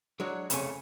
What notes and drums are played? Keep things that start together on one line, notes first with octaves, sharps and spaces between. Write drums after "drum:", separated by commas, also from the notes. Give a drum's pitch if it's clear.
F#3 G#3 D4 F#4 C#5
C2 F2 C#3 A3 C#5 G#5, drum: hi-hat